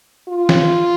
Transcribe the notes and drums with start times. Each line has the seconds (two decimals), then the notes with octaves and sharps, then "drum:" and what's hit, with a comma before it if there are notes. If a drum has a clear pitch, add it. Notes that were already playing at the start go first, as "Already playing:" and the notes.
0.28 F4
0.49 drum: snare